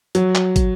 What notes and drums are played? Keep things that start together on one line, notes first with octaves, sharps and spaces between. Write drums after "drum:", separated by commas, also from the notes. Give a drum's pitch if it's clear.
F#3, drum: hi-hat
drum: clap
drum: kick, hi-hat